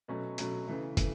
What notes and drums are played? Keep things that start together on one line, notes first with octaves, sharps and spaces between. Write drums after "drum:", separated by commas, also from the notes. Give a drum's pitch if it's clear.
B2 F#3 A3 C#4
B2 F#3 A3 C#4, drum: hi-hat
C#3 E3 A3
C#3 E3 A3, drum: kick, hi-hat